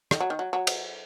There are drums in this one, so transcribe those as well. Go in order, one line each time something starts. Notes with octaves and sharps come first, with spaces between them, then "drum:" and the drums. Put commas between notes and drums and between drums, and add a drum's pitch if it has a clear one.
D#3, drum: rim click
F#3
D#3
F#3
F#3
drum: cymbal